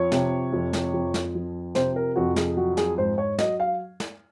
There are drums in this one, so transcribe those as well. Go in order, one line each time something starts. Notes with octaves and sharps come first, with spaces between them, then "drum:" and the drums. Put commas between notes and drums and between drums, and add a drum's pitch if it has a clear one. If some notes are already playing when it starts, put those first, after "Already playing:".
Already playing: F2 F3 C#5
C3, drum: snare
F2
drum: snare
F2
drum: snare
F3
C3 C5, drum: snare
A#4
F2 F#4
G#4, drum: snare
F#3 F#4
G#4, drum: snare
G#2 C5
C#5
F#3 D#5, drum: snare
F5
drum: snare